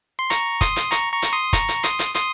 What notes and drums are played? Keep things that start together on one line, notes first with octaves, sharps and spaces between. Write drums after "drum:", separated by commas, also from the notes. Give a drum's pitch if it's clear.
C6
A#5 C#6, drum: hi-hat
C6 D#6, drum: kick, hi-hat
drum: hi-hat
A#5 C#6, drum: hi-hat
A#5 C#6
drum: hi-hat
C6 D#6
A#5 C#6, drum: kick, hi-hat
drum: hi-hat
C6 D#6, drum: hi-hat
drum: hi-hat
C6 D#6, drum: hi-hat